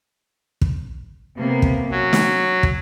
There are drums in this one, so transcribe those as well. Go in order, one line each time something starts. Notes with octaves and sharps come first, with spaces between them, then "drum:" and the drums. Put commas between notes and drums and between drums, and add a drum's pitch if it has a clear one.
drum: kick
C3 A#3 B3
drum: kick
F#3 C#4
drum: snare
drum: kick